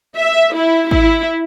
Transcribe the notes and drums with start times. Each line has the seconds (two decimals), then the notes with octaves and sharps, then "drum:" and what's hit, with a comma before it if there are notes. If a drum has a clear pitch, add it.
0.17 E5
0.55 E4
0.91 E4, drum: kick